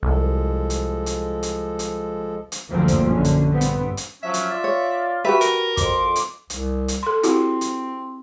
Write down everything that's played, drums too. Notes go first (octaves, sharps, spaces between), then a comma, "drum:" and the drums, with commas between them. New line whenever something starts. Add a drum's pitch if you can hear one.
C2 F3 G#3 A4
drum: hi-hat
drum: hi-hat
drum: hi-hat
drum: hi-hat
drum: hi-hat
D2 G2 D3 F3 A#3 C4
drum: kick, hi-hat
A#1 F#2 D3 C#4
drum: hi-hat
G2 B3 C4
drum: hi-hat
drum: hi-hat
F3 F#3 C#4 E5
drum: hi-hat
F4 D5
C#5
F#4 G4 B4 E5
A#4, drum: hi-hat
F2 C6 D6, drum: kick, hi-hat
drum: hi-hat
C2, drum: hi-hat
drum: hi-hat
A4 C6
C4 E4 F#4 G4, drum: hi-hat
drum: hi-hat